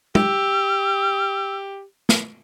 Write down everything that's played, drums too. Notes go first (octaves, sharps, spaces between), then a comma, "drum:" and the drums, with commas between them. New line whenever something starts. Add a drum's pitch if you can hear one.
G4 E6, drum: tom
drum: snare